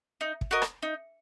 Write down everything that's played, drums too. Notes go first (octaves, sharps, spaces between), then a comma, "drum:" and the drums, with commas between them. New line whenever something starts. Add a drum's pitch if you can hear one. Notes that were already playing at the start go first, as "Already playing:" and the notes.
D#4
drum: kick
F#4 A#4 D#5
drum: rim click
D#4